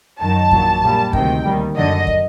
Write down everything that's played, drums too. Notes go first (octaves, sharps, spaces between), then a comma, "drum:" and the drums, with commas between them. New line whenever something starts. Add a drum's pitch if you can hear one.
F#2 D#3 F#3 A5
A#1 A#2 F#3, drum: kick
A#1 A#2 G3
D2 C3 D#3 G5, drum: kick
D#2 D#3 G3
F#2 D3 F#3 D#5
drum: kick